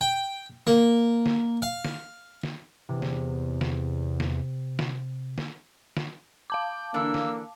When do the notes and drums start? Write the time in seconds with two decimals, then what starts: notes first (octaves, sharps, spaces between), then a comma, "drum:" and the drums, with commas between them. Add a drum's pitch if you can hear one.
0.01 G5
0.67 A#3, drum: snare
1.26 drum: snare
1.62 F5
1.85 drum: snare
2.43 drum: snare
2.89 E2 C3
3.02 drum: snare
3.61 drum: snare
4.20 drum: snare
4.79 drum: snare
5.38 drum: snare
5.97 drum: snare
6.50 F5 A5 D6 G6
6.94 D3 E3 A#3 D4 E6
7.14 drum: snare